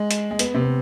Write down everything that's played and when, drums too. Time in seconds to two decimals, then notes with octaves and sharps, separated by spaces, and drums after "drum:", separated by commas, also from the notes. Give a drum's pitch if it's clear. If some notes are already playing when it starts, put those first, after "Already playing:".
Already playing: G#3
0.11 drum: hi-hat
0.31 G#3
0.39 B3, drum: hi-hat
0.54 C3
0.62 B3